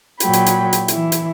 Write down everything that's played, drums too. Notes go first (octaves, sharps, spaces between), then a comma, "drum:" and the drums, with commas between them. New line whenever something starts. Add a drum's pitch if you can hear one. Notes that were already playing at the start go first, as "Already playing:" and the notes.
A#2 F#3 G5 B5, drum: hi-hat
drum: hi-hat
drum: hi-hat
drum: hi-hat
E3 E4, drum: hi-hat
drum: hi-hat